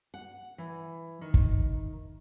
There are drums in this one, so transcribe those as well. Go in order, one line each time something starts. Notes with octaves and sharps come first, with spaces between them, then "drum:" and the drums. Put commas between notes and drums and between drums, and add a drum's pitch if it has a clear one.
F#5
E3
D#3
drum: kick